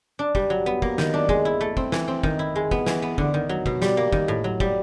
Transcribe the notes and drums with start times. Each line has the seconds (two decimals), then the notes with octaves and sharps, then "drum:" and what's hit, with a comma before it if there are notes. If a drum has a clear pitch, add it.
0.19 D4
0.35 G3, drum: kick
0.50 F#3
0.66 B3
0.82 A#3, drum: kick
0.98 D#3, drum: snare
1.14 D4
1.29 G#3, drum: kick
1.45 E4
1.61 A3
1.77 C4, drum: kick
1.92 E3, drum: snare
2.08 C4
2.23 D#3, drum: kick
2.39 E4
2.56 G#3
2.71 B3, drum: kick
2.86 E3, drum: snare
3.02 B3
3.18 D3, drum: kick
3.34 D#3
3.49 F#3
3.66 B2, drum: kick
3.82 G3, drum: snare
3.97 A#3
4.13 D#3, drum: kick
4.28 A2
4.44 F#3
4.60 G3, drum: kick